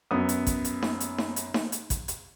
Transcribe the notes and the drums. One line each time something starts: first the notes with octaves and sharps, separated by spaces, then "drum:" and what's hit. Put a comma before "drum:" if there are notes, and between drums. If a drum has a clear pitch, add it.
F#2 B3 D#6
drum: hi-hat
drum: kick A1, hi-hat
drum: hi-hat
drum: snare D#4
drum: hi-hat
drum: snare D#4
drum: hi-hat
drum: snare D#4
drum: hi-hat
drum: kick A1, hi-hat
drum: hi-hat